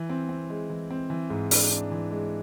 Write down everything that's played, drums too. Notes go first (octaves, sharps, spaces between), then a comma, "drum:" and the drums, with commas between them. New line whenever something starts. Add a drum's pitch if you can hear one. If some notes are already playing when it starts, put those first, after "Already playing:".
Already playing: E3
C4
C4
G#3
E3
C4
E3
G#2
D4, drum: open hi-hat
D4
E3
G#3